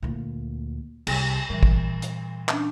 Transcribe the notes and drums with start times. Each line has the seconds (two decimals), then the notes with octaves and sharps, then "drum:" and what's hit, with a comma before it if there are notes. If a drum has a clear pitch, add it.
0.02 D2 A#2
1.07 C2, drum: cymbal
1.50 A#2 E3 G3
1.63 drum: kick
2.02 drum: hi-hat
2.49 C#4 D4, drum: clap